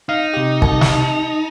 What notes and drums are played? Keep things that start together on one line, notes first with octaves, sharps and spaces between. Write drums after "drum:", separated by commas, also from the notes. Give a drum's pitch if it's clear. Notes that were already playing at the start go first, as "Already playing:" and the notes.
D#4 F5
C3 G4
A5, drum: kick
drum: snare